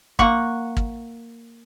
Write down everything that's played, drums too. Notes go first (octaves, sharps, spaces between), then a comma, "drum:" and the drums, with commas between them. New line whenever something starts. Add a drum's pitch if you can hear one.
A#3 F#5 C#6, drum: kick
drum: kick